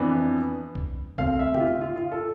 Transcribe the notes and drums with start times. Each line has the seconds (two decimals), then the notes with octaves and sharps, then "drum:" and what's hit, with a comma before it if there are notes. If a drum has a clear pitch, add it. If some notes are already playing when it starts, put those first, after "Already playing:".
Already playing: F2 E3 B3 D4
0.75 drum: kick B1
1.18 B2 A3 C4 F5, drum: kick B1
1.39 E5
1.54 G4, drum: tom
1.60 F4
1.81 F4
1.96 F4
2.12 A4